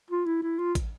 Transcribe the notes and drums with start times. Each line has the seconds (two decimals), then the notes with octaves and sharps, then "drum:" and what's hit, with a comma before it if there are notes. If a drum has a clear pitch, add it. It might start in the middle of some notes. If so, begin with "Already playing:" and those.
0.10 F4
0.26 E4
0.43 E4
0.59 F4
0.75 drum: kick, hi-hat